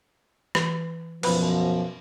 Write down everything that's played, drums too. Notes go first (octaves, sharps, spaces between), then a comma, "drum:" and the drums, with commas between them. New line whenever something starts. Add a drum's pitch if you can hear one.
E3, drum: rim click
F#2 B2 F3 B4 B5, drum: cymbal